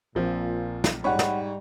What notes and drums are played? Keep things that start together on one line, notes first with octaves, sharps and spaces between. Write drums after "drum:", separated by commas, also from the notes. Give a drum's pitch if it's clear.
A#1 A#2 F3 C4
drum: snare
G#2 G3 C#5 F#5 B5 C#6
drum: snare